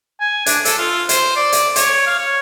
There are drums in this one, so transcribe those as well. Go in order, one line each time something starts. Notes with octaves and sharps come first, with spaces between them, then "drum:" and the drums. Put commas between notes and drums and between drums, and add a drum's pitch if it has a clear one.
G#5
D4, drum: hi-hat
A4, drum: hi-hat
F4
C5, drum: hi-hat
D5
drum: hi-hat
C#5, drum: hi-hat
F5
C#5